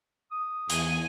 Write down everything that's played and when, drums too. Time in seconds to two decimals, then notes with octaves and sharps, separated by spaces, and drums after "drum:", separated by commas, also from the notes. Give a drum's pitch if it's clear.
0.32 D#6
0.70 E2 G#5, drum: hi-hat